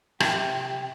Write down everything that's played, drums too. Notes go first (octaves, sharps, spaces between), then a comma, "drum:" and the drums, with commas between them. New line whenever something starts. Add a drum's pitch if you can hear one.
C3 G4 G5, drum: rim click